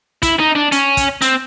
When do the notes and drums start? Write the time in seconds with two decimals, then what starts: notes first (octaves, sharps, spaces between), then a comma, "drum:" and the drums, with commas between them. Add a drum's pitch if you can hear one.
0.22 E4, drum: kick, hi-hat
0.39 D#4
0.55 D4
0.72 C#4, drum: hi-hat
0.97 drum: kick, hi-hat
1.22 C4, drum: hi-hat